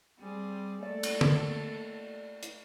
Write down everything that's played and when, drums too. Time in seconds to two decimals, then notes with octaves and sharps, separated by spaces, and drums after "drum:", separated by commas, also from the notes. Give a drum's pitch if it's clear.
0.19 G3 C4 G#4
0.83 A3 A#3 A4 D5
1.03 drum: cymbal
1.21 drum: tom
2.43 drum: hi-hat